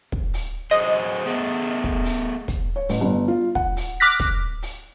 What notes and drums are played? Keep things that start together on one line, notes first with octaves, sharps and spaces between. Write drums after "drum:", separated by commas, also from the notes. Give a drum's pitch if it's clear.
drum: kick
drum: open hi-hat
F#3 G#4 C5 D#5
A3 B3 G#4
drum: kick
drum: open hi-hat
drum: kick, hi-hat
C#5
A1, drum: open hi-hat
G1
F4
F#5, drum: kick
drum: open hi-hat
D6 F6 F#6 A#6 B6
drum: kick, hi-hat
drum: open hi-hat